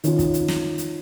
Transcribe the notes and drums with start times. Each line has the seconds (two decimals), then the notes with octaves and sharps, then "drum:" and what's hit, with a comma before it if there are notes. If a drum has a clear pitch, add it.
0.04 D#3 C#4 F4, drum: hi-hat
0.19 drum: kick, hi-hat
0.34 drum: hi-hat
0.48 drum: snare
0.78 drum: hi-hat